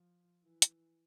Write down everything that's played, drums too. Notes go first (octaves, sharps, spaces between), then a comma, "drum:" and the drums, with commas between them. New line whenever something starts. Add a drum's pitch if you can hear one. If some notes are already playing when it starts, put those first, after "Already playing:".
Already playing: F3
E3
drum: hi-hat